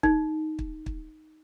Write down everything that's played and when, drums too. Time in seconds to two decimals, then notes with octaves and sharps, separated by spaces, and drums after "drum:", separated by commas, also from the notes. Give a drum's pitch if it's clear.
0.03 D#4, drum: kick
0.59 drum: kick
0.86 drum: kick